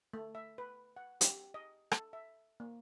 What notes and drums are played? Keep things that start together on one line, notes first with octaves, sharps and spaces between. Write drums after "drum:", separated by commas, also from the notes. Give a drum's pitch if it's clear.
A3
E5
B4
F#5
G4, drum: hi-hat
D#5
A4, drum: rim click
E5
A#3